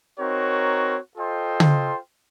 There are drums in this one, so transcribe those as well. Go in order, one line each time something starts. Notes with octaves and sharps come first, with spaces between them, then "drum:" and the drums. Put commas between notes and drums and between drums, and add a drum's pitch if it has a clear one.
C4 D#4 F#4 A#4 C#5
F4 A4 C5 D#5 G5
drum: tom